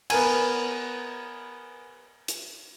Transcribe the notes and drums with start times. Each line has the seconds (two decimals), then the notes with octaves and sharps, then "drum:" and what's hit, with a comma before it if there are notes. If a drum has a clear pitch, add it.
0.10 B3 A#4 G#5, drum: cymbal
2.28 drum: hi-hat